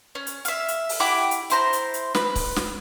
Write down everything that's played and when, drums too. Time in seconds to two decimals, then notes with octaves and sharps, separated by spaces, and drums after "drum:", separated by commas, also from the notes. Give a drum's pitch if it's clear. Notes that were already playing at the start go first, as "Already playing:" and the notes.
0.15 C#4
0.27 drum: hi-hat
0.45 E5 F5, drum: hi-hat
0.68 drum: hi-hat
0.89 drum: open hi-hat
1.00 E4 G4 F#5 D6
1.31 drum: hi-hat
1.50 E4 C5 A#5, drum: hi-hat
1.73 drum: hi-hat
1.94 drum: hi-hat
2.15 B4, drum: snare
2.35 drum: kick C#1, open hi-hat
2.56 drum: snare